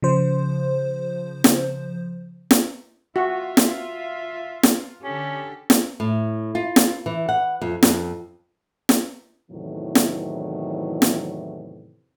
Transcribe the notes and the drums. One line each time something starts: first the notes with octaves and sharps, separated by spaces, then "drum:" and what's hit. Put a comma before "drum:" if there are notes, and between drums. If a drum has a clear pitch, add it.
C#3 F3 C5
drum: snare
drum: snare
F4 F#4 E5
drum: snare
drum: snare
D3 C#4 G4 A4
drum: snare
A2
F4
drum: snare
E3
F#5
F2
F2, drum: snare
drum: snare
E2 A2 C3 D#3 E3 F#3
drum: snare
drum: snare